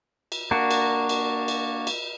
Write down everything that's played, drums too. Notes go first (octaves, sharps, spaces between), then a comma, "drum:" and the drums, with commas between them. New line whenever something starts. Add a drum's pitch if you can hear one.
drum: cymbal
A#3 D4 F#4
drum: cymbal
drum: cymbal
drum: cymbal
drum: cymbal